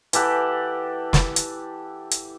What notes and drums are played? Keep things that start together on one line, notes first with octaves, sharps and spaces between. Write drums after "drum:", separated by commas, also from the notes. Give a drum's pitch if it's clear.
E3 G4 A4 F#5, drum: hi-hat
drum: snare
drum: hi-hat
drum: hi-hat